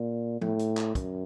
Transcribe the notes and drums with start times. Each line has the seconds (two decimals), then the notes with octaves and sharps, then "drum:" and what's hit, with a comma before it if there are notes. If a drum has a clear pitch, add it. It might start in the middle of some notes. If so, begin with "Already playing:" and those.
Already playing: A#2
0.41 A2, drum: tom F3
0.59 drum: hi-hat
0.77 drum: clap
0.95 F#2, drum: kick, hi-hat